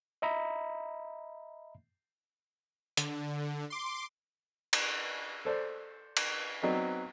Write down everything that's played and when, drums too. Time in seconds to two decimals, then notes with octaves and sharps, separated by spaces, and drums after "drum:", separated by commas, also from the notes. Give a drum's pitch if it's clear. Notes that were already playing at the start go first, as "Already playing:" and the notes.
0.22 D#5 E5 A#5 B5
2.97 D3, drum: hi-hat
3.70 C6 D6
4.73 drum: cymbal
5.45 A4 C5 D5
6.17 drum: cymbal
6.62 F#3 B3 C4 D#4 D5 D#5